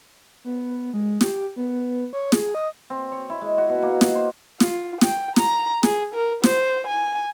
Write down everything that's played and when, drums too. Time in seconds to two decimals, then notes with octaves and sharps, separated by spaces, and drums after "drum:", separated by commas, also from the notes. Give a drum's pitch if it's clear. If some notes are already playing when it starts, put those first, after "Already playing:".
0.44 B3
0.94 G#3
1.21 G4, drum: snare
1.56 B3
2.13 C#5
2.32 G#4, drum: snare
2.55 D#5
2.90 C4
3.12 C#5
3.30 E4
3.41 G#3
3.58 F#4
3.69 B2
3.82 A#3
4.01 D#5, drum: snare
4.15 C5
4.60 F4, drum: snare
5.01 G5, drum: snare
5.36 A#5, drum: snare
5.83 G#4, drum: snare
6.14 A#4
6.44 C5, drum: snare
6.87 G#5